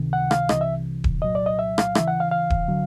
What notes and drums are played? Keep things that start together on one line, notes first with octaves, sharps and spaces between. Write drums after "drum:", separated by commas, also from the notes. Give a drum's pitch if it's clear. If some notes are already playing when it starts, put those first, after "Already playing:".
Already playing: C#2 C3 D#3
F#5
F5, drum: rim click
C2 C3 E3 D#5, drum: rim click
E5
drum: kick D#1
C2 A#2 F#3 D#5
D5
D#5
E5
F5, drum: rim click
D#2 C#3 E3 E5, drum: rim click
F#5
F5
F5
drum: kick D#1
D3 F#3